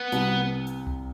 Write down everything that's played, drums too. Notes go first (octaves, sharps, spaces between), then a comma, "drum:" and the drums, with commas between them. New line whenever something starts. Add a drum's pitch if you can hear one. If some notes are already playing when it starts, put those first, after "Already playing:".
Already playing: B3
C2 C3, drum: hi-hat
drum: hi-hat
drum: tom C2